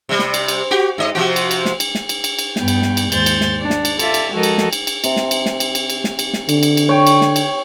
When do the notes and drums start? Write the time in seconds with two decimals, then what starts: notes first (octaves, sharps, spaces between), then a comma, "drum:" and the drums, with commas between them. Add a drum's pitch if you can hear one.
0.09 C3 G3
0.19 drum: snare
0.34 drum: cymbal
0.48 drum: cymbal
0.71 F#4 G4
0.98 G#2 D#5
1.15 C3 F3 F#4
1.36 drum: cymbal
1.51 drum: cymbal
1.65 drum: snare
1.80 drum: cymbal
1.95 drum: snare
2.09 drum: cymbal
2.24 drum: cymbal
2.39 drum: cymbal
2.56 G2 B3 G5, drum: snare
2.68 drum: cymbal
2.82 drum: snare
2.97 drum: cymbal
3.12 D#2 G#2 C5 G6 A6, drum: cymbal
3.26 drum: cymbal
3.41 drum: snare
3.60 D4
3.70 drum: snare
3.85 drum: cymbal
3.99 F4 A4 D5 E5, drum: cymbal
4.14 drum: cymbal
4.32 F3 G#3 F#4 A4 A#4 D#5
4.43 drum: cymbal
4.58 drum: snare
4.73 drum: cymbal
4.87 drum: cymbal
5.04 C3, drum: cymbal
5.16 drum: snare
5.31 drum: cymbal
5.46 drum: snare
5.60 drum: cymbal
5.75 drum: cymbal
5.90 drum: cymbal
6.04 drum: snare
6.19 drum: cymbal
6.33 drum: snare
6.49 D3, drum: cymbal
6.63 drum: cymbal
6.77 drum: cymbal
6.89 C#5 G5
7.07 drum: cymbal
7.21 drum: snare
7.36 drum: cymbal